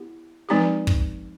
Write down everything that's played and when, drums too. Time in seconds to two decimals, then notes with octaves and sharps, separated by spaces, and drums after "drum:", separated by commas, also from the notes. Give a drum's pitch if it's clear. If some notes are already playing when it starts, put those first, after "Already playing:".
Already playing: B3 E4 G4
0.49 F3 G#3 C4 D#4 G4
0.87 drum: kick